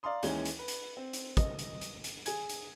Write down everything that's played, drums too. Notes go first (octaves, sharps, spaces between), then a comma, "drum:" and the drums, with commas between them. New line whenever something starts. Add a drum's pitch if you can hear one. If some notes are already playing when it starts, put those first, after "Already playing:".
D5 F5 A#5 C6 D#6
D#2 E3 G#3 C#4 G7, drum: hi-hat
drum: hi-hat
B4
drum: hi-hat
C4
drum: hi-hat
D#5, drum: kick, hi-hat
drum: hi-hat
drum: hi-hat
drum: hi-hat
G#4 G#5 G#6, drum: hi-hat
drum: hi-hat